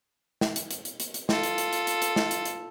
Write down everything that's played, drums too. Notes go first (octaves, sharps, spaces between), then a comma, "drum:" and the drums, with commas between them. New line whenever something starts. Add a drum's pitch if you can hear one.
drum: snare
drum: hi-hat
drum: hi-hat
drum: hi-hat
drum: hi-hat
drum: hi-hat
F4 A4, drum: snare
drum: hi-hat
drum: hi-hat
drum: hi-hat
drum: hi-hat
drum: hi-hat
drum: snare
drum: hi-hat
drum: hi-hat